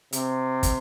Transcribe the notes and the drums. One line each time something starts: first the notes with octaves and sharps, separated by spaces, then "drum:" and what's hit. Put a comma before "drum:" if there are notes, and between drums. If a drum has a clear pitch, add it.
C3, drum: hi-hat
drum: kick, hi-hat